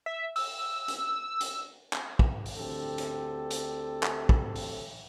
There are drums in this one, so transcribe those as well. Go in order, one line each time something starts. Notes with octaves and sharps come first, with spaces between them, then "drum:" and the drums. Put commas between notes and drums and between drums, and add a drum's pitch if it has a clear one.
E5
E6, drum: open hi-hat
drum: hi-hat
drum: hi-hat
drum: clap
drum: kick
drum: open hi-hat
D2 D3 C4 G4 A4
drum: hi-hat
drum: hi-hat
drum: clap
drum: kick
drum: open hi-hat